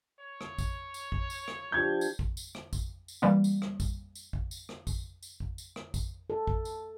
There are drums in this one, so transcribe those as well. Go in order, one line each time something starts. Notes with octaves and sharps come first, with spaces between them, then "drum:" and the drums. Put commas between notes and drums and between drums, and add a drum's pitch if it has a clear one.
C#5
drum: rim click
drum: kick, tambourine
drum: tambourine
drum: kick
drum: tambourine
drum: rim click
F3 D4 G4 G6 G#6
drum: tambourine
drum: kick
drum: tambourine
drum: rim click
drum: kick, tambourine
drum: tambourine
E3 G3 A#3
drum: tambourine
drum: rim click
drum: kick, tambourine
drum: tambourine
drum: kick
drum: tambourine
drum: rim click
drum: kick, tambourine
drum: tambourine
drum: kick
drum: tambourine
drum: rim click
drum: kick, tambourine
A4
drum: kick
drum: tambourine